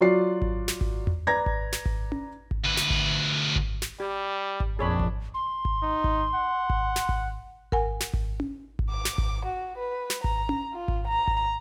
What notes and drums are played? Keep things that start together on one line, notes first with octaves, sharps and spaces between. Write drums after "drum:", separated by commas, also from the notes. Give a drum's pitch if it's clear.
F#3 F4 F#4 D5 C7
drum: kick G#1
drum: snare
drum: kick G#1
drum: tom E2
B4 D5 A#5 G#6 A#6
drum: kick G#1
drum: snare
drum: kick G#1
drum: tom C#4
drum: kick G#1
D2 B4
drum: snare
drum: kick G#1
drum: kick G#1
drum: snare
G3 G4
drum: kick G#1
A#1 F2 D4 G#4 C#5 B5
drum: kick G#1
C6
drum: kick G#1
D#4
drum: kick G#1
F#5
drum: kick G#1
drum: snare
drum: kick G#1
A#4 F#5 G#5, drum: kick G#1
drum: snare
drum: kick G#1
drum: tom C#4
drum: kick G#1
D6
drum: snare
drum: kick G#1
F#4
B4
drum: snare
A#5, drum: kick G#1
drum: tom C#4
F4
drum: kick G#1
A#5
drum: kick G#1